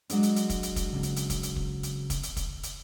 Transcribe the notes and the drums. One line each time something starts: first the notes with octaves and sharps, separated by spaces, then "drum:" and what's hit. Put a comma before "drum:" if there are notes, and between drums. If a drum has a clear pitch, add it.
F#3 G#3 D4, drum: hi-hat
drum: hi-hat
drum: hi-hat
drum: kick, hi-hat
drum: hi-hat
drum: kick, hi-hat
C#3 C4
drum: hi-hat
drum: hi-hat
drum: kick, hi-hat
drum: hi-hat
drum: kick
drum: hi-hat
drum: kick, hi-hat
drum: hi-hat
drum: kick, hi-hat
drum: hi-hat